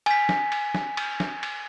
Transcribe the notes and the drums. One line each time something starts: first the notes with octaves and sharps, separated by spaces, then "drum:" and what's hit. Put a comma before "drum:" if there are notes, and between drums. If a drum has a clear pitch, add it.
G#5 B6, drum: cymbal
drum: snare
drum: cymbal
drum: snare
drum: cymbal
drum: snare
drum: cymbal